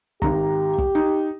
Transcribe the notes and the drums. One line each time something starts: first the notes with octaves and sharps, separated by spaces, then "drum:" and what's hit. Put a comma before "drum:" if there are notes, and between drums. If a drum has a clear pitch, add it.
G#1 G4 A#5, drum: kick
drum: kick
D#4